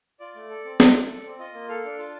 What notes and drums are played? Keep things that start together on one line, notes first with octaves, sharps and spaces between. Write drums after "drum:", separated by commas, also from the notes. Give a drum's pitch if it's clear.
F4 D5
A3
A4
C4
F4, drum: snare
A3
A4
C4
F4 D#5
A#3
A4 F5
D4
F4 A5